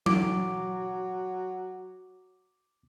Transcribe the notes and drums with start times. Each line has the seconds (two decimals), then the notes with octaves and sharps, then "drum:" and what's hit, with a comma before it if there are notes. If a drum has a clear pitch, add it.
0.06 F#3 D6, drum: tom F#3